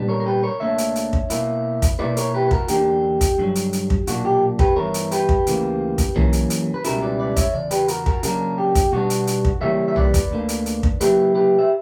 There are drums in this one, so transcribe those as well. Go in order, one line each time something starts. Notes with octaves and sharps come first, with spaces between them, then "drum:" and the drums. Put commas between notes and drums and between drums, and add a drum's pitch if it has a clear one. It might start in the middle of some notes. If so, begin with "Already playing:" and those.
Already playing: A#2 G3 B3 D4
A#4 C#5
A#4
G4 B4
A#4 C#5
D2 D3 A#3 D4 C#5 E5
drum: hi-hat
drum: hi-hat
drum: kick
B2 A#3 E4, drum: hi-hat
drum: kick, hi-hat
B2 A#3 E4 B4 D5
A#4 C#5, drum: hi-hat
G4 B4
B4
F#4 A#4, drum: kick
E2 D3 A#3 D4 G4, drum: hi-hat
drum: kick, hi-hat
G2 D3 F#3
drum: hi-hat
drum: hi-hat
drum: kick
B1 A#2 A#3 D4 F#4, drum: hi-hat
G4
G4 B4, drum: kick
G2 E3 B3 E4 A#4 C#5
drum: hi-hat
G4 B4, drum: hi-hat
drum: kick
D2 C#3 E3 A#3, drum: hi-hat
drum: kick, hi-hat
F#2 E3 A#3 C#4, drum: tom B1
drum: hi-hat
drum: hi-hat
B4
C#2 B2 G3 C#4 E4 F#4 A#4, drum: hi-hat
B4 D5
B4 D5
C#5 E5, drum: kick, hi-hat
E2 C#3 D5
G4 B4, drum: hi-hat
F#4 A#4, drum: hi-hat
F#4 A#4, drum: kick
C#3 F#3 A#3 D4 F#4 A#4, drum: hi-hat
G4
drum: kick, hi-hat
B2 G3 B3 D4 F#4
drum: hi-hat
drum: hi-hat
drum: kick
C#3 E3 G3 A#3 C#5 E5
E5
B4 D5, drum: tom B1
drum: kick, hi-hat
D2 D3 A#3
drum: hi-hat
drum: hi-hat
drum: kick
C#3 F#3 A#3 E4 G4 B4, drum: hi-hat
G4 B4
E5